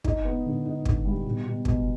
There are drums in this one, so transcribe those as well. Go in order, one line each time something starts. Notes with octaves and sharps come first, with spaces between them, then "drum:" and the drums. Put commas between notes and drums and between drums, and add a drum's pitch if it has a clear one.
D#4, drum: kick
B3
D3
D#4
D3, drum: kick
G3
B2
B2
B2, drum: kick